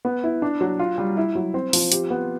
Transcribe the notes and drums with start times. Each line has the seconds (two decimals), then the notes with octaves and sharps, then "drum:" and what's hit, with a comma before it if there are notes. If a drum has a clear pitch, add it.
0.05 B3
0.24 E4
0.42 D4
0.61 F#3
0.79 F4
0.98 G3
1.17 E4
1.35 F#3
1.54 C4
1.73 F3, drum: open hi-hat
1.92 G4, drum: hi-hat
2.10 B3